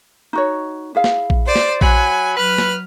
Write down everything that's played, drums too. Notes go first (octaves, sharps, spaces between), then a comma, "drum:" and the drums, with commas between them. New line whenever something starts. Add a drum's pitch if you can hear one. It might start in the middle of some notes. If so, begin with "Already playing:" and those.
D#4 F#4 C#5
E4 G#4 F5
drum: snare
drum: kick A#1
C5 D5
drum: snare
F#3 F#5 G#5 B5, drum: kick A#1
F#3 B4 F6
drum: snare